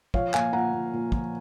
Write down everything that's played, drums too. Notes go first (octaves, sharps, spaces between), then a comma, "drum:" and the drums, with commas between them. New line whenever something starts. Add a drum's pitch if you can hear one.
F3 C#5 F5, drum: kick
A#2 F5 G#5, drum: clap
A#2 F#5 A#5
A#2
A#2
F3, drum: kick